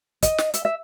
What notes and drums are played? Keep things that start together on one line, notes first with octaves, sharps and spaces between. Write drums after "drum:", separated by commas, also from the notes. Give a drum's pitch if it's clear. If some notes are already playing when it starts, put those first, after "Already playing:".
D#5, drum: kick, hi-hat
drum: snare
E5, drum: hi-hat
E5